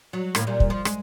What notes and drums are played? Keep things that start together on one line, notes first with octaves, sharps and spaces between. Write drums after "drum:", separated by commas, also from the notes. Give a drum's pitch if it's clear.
F#3
A2 D#3 A#3, drum: rim click
A#2 G3
drum: kick
F3
G#3, drum: rim click